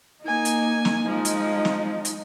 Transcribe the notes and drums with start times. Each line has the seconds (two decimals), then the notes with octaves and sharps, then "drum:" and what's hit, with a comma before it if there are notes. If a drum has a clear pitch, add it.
0.23 A#3 D#4 G#5
0.45 drum: hi-hat
0.85 drum: snare
1.05 F3 G#3 D#4
1.25 drum: hi-hat
1.65 drum: snare
2.05 drum: hi-hat